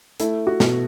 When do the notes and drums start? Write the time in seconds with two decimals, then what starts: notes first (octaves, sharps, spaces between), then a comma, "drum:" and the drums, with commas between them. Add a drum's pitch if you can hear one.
0.20 A3 E4, drum: hi-hat
0.47 F#4
0.60 B2, drum: snare